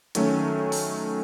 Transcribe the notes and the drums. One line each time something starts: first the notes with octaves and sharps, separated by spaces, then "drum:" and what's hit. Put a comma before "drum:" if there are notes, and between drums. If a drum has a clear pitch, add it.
D#3 F#3 A3 C#4, drum: hi-hat
drum: open hi-hat